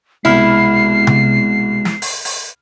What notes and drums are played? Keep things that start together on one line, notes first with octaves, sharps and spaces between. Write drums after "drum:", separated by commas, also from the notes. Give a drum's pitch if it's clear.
C2 B2 G#3 E4 F6 C7
drum: tom C3
drum: snare
drum: open hi-hat
drum: open hi-hat